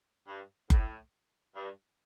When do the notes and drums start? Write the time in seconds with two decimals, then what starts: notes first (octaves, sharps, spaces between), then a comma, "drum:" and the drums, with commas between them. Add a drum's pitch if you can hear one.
0.28 G2
0.70 A2, drum: kick F#1
1.55 G2